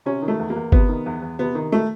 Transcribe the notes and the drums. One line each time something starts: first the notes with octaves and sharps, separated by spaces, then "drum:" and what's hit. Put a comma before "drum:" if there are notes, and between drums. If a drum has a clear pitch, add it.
C3 C#4
D#3
A3
E2
A#3
E2
C3 B3, drum: kick
D#3
E2
E2
C3 B3
D#3
A3